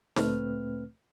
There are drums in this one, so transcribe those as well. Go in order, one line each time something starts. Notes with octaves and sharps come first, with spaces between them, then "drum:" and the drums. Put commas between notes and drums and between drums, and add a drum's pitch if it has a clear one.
D2 A#2 A3 C4 B4 F6, drum: snare